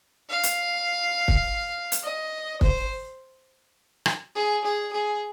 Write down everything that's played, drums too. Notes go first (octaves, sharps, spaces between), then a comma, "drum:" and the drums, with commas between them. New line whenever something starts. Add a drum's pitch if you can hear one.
F5
drum: hi-hat
drum: kick
drum: hi-hat
D#5
C5, drum: kick
drum: rim click
G#4
G#4
G#4